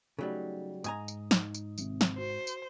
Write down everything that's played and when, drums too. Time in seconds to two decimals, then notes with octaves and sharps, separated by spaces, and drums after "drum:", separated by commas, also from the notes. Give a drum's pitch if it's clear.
0.19 C#3 F#3 G3 A3 D#4
0.84 G#2 G#5 A#5 D#6, drum: tambourine
1.08 drum: tambourine
1.31 D#4, drum: snare
1.54 drum: tambourine
1.78 G#1 C3, drum: tambourine
2.01 drum: snare
2.18 F#4 C5
2.47 drum: tambourine